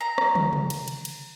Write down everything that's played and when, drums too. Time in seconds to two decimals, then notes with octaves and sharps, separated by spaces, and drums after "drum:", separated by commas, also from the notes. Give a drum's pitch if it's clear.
0.01 A#5
0.18 drum: rim click
0.35 drum: tom
0.53 drum: tom C3
0.70 drum: cymbal
0.88 drum: cymbal
1.05 drum: cymbal